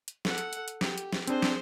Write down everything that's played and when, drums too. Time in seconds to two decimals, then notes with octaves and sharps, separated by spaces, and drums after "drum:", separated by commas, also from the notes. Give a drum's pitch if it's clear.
0.08 drum: hi-hat
0.25 A4 F#5, drum: snare
0.38 drum: hi-hat
0.53 drum: hi-hat
0.68 drum: hi-hat
0.81 G4, drum: snare
0.98 drum: hi-hat
1.13 drum: snare
1.27 C4 D4 G#4 C5, drum: hi-hat
1.42 drum: snare